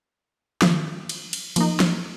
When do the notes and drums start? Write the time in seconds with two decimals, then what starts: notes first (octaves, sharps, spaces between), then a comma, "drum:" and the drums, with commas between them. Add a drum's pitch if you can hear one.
0.62 D#3 A#3 F4, drum: snare
1.09 drum: cymbal
1.33 drum: cymbal
1.56 F3 A#3 D#4, drum: cymbal
1.80 drum: snare